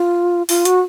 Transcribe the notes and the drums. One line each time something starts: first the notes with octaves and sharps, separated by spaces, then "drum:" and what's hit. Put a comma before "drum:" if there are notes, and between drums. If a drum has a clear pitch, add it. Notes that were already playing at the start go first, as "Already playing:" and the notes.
Already playing: F4
F4, drum: open hi-hat
F#4, drum: hi-hat